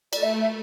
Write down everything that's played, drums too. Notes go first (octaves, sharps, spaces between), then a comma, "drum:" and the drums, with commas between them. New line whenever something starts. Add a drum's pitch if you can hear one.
A3 D5, drum: cymbal
E5
E5